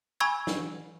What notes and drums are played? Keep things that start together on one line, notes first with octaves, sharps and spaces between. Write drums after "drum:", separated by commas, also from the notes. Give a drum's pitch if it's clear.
G#5 B5 C#6 E6 G#6
drum: snare